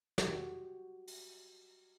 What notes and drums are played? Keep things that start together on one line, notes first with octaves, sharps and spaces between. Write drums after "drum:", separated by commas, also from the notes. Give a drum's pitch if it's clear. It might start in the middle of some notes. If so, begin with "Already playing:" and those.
F#4 G4, drum: snare
drum: open hi-hat